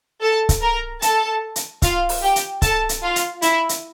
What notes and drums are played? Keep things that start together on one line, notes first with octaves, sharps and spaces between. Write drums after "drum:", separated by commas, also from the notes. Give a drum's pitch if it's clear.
A4 A5
drum: kick C#1, hi-hat
A#4 A#5
A4 A5, drum: hi-hat
drum: hi-hat
F4 F5, drum: kick C#1, hi-hat
drum: open hi-hat
G4 G5
drum: hi-hat
A4 A5, drum: kick C#1, hi-hat
drum: hi-hat
F4 F5
drum: hi-hat
E4 E5, drum: hi-hat
drum: hi-hat